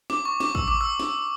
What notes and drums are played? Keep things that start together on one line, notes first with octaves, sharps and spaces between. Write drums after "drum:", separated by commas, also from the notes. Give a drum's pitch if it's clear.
D6, drum: snare
C#6
D6, drum: snare
E6, drum: kick
D6
E6
drum: snare